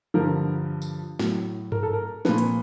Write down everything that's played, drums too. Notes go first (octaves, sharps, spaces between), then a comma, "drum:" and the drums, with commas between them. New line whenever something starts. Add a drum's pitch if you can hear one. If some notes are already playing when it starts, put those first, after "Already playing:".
G2 D3 F3 A#4
drum: tambourine
A2 F#3, drum: snare
A#4, drum: tom G2
A4
A#4
A#2 F3 B4, drum: snare
drum: hi-hat